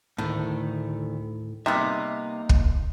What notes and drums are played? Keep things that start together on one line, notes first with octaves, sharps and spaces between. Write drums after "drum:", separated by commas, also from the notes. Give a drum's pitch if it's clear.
D2 A2 D#3 A3
C3 G3 A#3 B3 D#4 E5
drum: kick